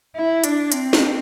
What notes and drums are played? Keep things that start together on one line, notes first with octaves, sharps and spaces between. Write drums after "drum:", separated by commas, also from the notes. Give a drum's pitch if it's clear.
E4
D4, drum: hi-hat
C4, drum: hi-hat
drum: snare